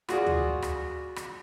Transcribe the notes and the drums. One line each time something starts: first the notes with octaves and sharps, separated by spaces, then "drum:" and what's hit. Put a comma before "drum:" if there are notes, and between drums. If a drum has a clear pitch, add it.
F4 F#4 G#4 D5, drum: rim click
drum: tom D2
drum: rim click
drum: rim click